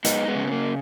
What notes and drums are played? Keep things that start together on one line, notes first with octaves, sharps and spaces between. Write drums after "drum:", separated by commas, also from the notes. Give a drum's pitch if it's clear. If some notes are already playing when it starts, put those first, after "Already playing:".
G#3 B3 D#4, drum: hi-hat
G#3 B3
C#3
B3
A#3